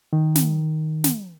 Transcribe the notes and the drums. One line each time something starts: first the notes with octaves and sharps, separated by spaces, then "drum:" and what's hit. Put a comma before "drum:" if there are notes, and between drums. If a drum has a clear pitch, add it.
D#3
drum: snare
drum: snare